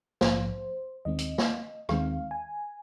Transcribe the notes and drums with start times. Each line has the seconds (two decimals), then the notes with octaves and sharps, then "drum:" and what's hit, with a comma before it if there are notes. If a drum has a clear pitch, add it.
0.21 A#1 G#2 F3 C5, drum: snare
1.05 D#2 D#3 G#3 C4 D#5
1.19 drum: hi-hat
1.38 drum: snare
1.89 D#2 D#3 G#3 C4 F5, drum: rim click
2.31 G#5